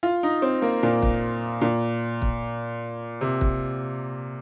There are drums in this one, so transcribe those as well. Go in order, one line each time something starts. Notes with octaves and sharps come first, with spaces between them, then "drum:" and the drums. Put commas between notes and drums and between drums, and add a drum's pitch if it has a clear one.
F4
D#4
C4
A#3
A#2
drum: kick
A#2
drum: kick
C3
drum: kick